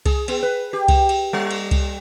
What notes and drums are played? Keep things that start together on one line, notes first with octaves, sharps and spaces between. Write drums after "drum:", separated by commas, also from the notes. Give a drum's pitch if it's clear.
G#4, drum: kick C2, cymbal
B3, drum: cymbal
B4
G4
drum: kick C2, cymbal
drum: cymbal
G3
drum: cymbal
drum: kick C2, cymbal